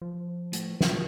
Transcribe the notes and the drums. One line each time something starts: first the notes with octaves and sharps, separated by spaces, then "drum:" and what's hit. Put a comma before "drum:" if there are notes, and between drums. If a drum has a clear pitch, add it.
F3
A2, drum: hi-hat
E3 F3, drum: snare